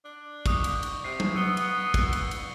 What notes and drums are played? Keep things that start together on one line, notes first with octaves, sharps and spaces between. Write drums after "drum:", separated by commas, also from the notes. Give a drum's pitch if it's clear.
D4
C#6 D#6, drum: kick, cymbal
drum: cymbal
drum: cymbal
C3 C7
drum: tom F#3
B3 E6 C#7 G7
drum: cymbal
drum: kick, cymbal
drum: cymbal
drum: cymbal